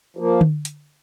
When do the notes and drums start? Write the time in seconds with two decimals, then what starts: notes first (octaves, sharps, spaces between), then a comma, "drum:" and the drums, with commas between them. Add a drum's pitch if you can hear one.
0.17 F3 A#3
0.41 drum: tom D3
0.65 drum: hi-hat